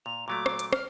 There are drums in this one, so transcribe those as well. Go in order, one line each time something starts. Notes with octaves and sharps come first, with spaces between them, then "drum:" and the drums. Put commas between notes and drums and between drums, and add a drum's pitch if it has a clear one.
A#2 F7
A#2 F#3 A3 D6
drum: rim click
drum: hi-hat
F6, drum: rim click